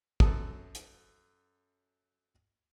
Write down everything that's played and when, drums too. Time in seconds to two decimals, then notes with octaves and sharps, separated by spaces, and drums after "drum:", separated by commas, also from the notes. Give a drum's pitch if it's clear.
0.20 F#2 A4 D#6, drum: kick
0.75 drum: hi-hat